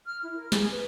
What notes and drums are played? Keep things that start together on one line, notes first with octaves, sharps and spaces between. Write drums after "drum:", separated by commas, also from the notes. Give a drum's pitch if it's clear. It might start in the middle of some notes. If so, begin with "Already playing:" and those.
F6
E4
A#4
G#4, drum: snare
B4